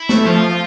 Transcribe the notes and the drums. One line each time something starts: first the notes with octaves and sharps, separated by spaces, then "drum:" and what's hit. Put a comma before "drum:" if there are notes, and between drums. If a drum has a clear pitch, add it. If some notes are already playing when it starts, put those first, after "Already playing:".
Already playing: E4
A3, drum: snare
F3 F4
F3